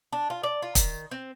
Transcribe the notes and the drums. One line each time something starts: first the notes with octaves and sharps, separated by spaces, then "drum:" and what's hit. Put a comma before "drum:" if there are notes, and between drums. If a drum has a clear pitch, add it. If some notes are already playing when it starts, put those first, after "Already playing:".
D4
F4
D5
F4
D#3, drum: kick, hi-hat
C4